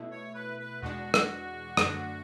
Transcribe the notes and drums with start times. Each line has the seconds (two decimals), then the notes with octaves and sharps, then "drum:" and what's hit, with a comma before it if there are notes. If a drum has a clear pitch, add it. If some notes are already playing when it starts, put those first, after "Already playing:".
Already playing: B2 A3 E4
0.11 C#5
0.34 B4
0.59 B4
0.82 E2 B2 G#3 D4 F#4
1.14 drum: rim click
1.77 F#2 D3 A3 D4, drum: rim click